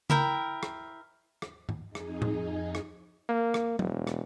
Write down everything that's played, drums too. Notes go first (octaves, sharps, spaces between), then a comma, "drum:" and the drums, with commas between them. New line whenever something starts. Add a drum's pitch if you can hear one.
E4 A#4 G5, drum: tom C#3
drum: rim click
drum: rim click
drum: tom G#2
F2 D#4 G#4
drum: rim click
drum: tom A2
drum: rim click
A#3
drum: rim click
E1, drum: tom
drum: rim click